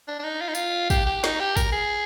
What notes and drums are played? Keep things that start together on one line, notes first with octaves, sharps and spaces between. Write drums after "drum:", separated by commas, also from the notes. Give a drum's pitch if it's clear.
D4
D4
D#4
F4
D#4
F4, drum: tambourine
G4, drum: kick, tambourine
G4
D#4, drum: snare
G4
A#4, drum: kick, tambourine
G#4